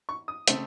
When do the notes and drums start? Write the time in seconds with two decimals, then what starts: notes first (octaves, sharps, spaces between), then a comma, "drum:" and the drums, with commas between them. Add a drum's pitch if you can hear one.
0.09 C#6
0.28 D#6
0.48 C#3 A3 C4, drum: hi-hat